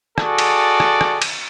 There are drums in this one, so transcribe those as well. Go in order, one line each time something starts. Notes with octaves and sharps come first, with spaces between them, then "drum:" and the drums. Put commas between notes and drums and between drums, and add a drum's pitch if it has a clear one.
F#4 G#4 A4 D5, drum: rim click
drum: cymbal
drum: rim click
drum: rim click
drum: cymbal